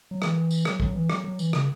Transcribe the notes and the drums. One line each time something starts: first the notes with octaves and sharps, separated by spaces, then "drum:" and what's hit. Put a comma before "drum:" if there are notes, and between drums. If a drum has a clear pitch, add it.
F#3
E3, drum: rim click
drum: tambourine
F#3, drum: rim click
F#3, drum: kick
E3
F#3, drum: rim click
F#3
E3, drum: tambourine
C#3, drum: rim click